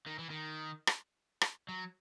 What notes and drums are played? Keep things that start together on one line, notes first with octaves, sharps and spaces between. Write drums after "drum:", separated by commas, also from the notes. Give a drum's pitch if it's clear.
D#3
E3
D#3
drum: rim click
drum: rim click
F#3